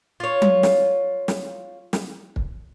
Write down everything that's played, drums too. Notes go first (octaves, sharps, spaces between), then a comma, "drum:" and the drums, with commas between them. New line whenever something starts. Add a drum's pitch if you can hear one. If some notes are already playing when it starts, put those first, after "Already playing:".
F4 C#5
drum: tom F#3
drum: snare
drum: snare
drum: snare
drum: kick